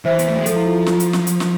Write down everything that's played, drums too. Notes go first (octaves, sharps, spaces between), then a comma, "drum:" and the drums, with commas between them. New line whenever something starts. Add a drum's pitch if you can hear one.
E3 C5 E5
B3, drum: hi-hat
A3
G#3
F3 A4, drum: hi-hat
E4
F4
F4, drum: snare
drum: hi-hat
drum: snare
drum: hi-hat
drum: snare